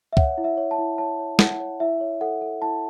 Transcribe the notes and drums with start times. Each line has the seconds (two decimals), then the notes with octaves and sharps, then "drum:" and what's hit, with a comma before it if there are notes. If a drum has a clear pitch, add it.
0.13 E5
0.17 C#5 F#5, drum: kick
0.38 E4
0.44 E5
0.57 C#5
0.71 A5
0.78 E4
0.98 C#5 A5
1.19 C#5
1.39 E4 F#5, drum: snare
1.60 C#5
1.80 E4 E5
2.01 C#5
2.21 A4 F#5
2.41 A4
2.62 E4 A5